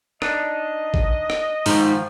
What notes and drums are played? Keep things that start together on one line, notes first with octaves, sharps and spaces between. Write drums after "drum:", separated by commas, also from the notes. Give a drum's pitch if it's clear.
D4 D#4 D#5, drum: rim click
drum: kick
drum: rim click
G#2 D#3 F3, drum: open hi-hat